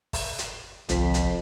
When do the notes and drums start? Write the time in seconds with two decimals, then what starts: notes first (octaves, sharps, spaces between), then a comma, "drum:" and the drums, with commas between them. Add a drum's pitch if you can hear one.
0.13 drum: kick G1, open hi-hat
0.38 drum: hi-hat
0.89 G1 C2 F2 F3 B6, drum: hi-hat
1.14 drum: hi-hat